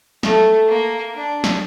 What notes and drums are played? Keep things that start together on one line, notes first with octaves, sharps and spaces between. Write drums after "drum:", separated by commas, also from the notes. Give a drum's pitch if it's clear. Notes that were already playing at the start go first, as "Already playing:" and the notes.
A3, drum: snare
A#3
D4
drum: snare